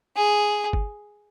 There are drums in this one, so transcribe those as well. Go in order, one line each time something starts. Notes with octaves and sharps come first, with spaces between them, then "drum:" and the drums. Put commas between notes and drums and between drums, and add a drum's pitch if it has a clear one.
G#4
drum: kick G1